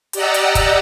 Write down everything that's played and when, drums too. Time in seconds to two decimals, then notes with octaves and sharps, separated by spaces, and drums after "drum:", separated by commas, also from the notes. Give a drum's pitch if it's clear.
0.13 G4 D5 D#5 F#5 A#5 E6, drum: hi-hat
0.34 drum: hi-hat
0.55 drum: kick, hi-hat